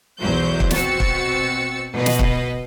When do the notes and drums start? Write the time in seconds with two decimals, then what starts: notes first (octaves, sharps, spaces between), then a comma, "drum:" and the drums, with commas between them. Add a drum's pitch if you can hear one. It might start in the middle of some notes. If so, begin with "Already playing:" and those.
0.20 B1 E2 F#3 C5 G6
0.60 drum: kick
0.71 B2 C4 F#4 E6 A6 C#7, drum: snare
1.00 drum: kick
1.94 B2 B4 D#5
2.06 drum: snare
2.19 drum: kick